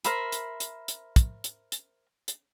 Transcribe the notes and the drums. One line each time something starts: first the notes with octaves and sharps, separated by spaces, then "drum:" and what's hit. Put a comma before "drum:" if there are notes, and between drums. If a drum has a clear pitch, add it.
A#4 C5 E5 B5, drum: hi-hat
drum: hi-hat
drum: hi-hat
drum: hi-hat
drum: kick, hi-hat
drum: hi-hat
drum: hi-hat
drum: hi-hat